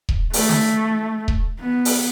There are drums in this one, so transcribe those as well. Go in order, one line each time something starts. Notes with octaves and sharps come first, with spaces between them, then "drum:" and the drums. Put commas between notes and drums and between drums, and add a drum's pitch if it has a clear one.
drum: kick D#1
A3, drum: open hi-hat
drum: snare
drum: kick D#1
B3
drum: open hi-hat